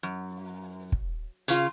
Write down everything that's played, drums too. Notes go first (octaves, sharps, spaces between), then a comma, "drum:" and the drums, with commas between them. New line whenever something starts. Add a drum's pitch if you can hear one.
F#2
drum: kick
C#3 F4, drum: hi-hat